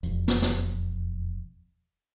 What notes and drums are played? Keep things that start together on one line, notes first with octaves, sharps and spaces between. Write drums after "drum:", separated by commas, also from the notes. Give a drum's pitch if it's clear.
E1 F2, drum: hi-hat
drum: snare
drum: snare